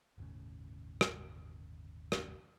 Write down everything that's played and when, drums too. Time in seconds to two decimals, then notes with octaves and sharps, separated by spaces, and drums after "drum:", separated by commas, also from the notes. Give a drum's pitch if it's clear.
0.18 G1 D#2 A2 C#3
1.01 drum: rim click
2.12 drum: rim click